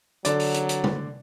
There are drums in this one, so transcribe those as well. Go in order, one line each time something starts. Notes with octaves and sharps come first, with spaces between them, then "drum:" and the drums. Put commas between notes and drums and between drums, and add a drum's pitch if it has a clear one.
D3 F#3 D5, drum: hi-hat
drum: open hi-hat
drum: hi-hat
drum: hi-hat
drum: tom